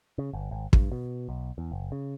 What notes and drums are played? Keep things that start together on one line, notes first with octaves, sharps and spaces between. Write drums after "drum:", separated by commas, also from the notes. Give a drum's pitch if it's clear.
C#3
G1
G#1
G2, drum: kick
B2
B1
E2
F#1
C#3